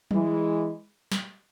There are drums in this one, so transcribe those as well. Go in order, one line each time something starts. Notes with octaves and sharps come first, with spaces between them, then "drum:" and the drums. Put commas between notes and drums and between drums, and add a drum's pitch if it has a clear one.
E3 G#3, drum: tom F#3
drum: snare